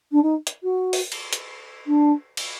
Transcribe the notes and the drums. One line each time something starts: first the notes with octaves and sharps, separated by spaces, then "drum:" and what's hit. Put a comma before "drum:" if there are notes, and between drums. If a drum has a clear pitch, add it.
D4
D#4
drum: hi-hat
F#4
drum: open hi-hat
drum: cymbal
drum: hi-hat
D4
drum: cymbal